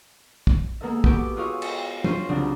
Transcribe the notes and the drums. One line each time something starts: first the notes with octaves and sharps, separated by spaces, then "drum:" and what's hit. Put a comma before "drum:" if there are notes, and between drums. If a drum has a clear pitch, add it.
drum: kick
G#3 A#3 B3 A4 E5
B3 F#4 G4 D7, drum: kick
F4 F#4 G#4 C#5 E5 F5
C#7, drum: cymbal
F4 C5 C#5 C7 D#7, drum: tom
C2 C#3 F#3 C4 D4